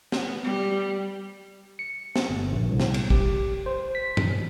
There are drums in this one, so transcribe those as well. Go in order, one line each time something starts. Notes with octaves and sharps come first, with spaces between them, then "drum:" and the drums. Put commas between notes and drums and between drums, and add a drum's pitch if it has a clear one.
B3, drum: snare
G3
C#7
drum: snare
G1
A#1
C2
drum: snare
drum: cymbal
G4, drum: kick
C5
B6
drum: tom